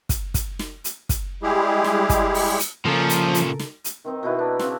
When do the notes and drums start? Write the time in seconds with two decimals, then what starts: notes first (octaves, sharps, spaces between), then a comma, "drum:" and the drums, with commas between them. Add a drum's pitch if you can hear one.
0.09 drum: kick, hi-hat
0.34 drum: kick, hi-hat
0.59 drum: snare
0.84 drum: hi-hat
1.09 drum: kick, hi-hat
1.43 G3 G#3 E4 G4 G#4
1.84 drum: snare
2.09 drum: kick, hi-hat
2.34 drum: open hi-hat
2.59 drum: hi-hat
2.85 A#2 C#3 F3 C#4 A4 A#4
3.09 drum: hi-hat
3.34 drum: hi-hat
3.59 drum: snare
3.84 drum: hi-hat
4.04 D#3 C4 D#4
4.23 B2 D#4 E4 B4
4.39 D4
4.59 C#3 C4, drum: snare